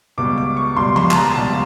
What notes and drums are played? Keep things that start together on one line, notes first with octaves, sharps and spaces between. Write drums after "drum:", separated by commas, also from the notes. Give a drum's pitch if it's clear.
C#2 B2 G3 D6
D6
C#6
C#2 B2 G3 C6
C6, drum: tom F3
A5, drum: clap
A#5
C#2 B2 G3 A5